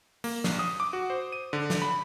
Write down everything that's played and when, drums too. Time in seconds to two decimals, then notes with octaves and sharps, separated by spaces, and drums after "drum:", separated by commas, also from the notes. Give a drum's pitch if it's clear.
0.24 A#3, drum: open hi-hat
0.44 A#1, drum: snare
0.59 D#6
0.80 D6
0.93 F#4
1.10 C5
1.32 D#7
1.53 D3
1.70 drum: snare
1.82 B5